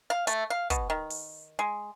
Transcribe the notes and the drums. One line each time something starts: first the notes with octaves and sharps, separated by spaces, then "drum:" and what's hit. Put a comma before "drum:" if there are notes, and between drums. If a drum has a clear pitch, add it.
F5
A3, drum: hi-hat
F5
B2, drum: kick, hi-hat
D#3
drum: open hi-hat
G#3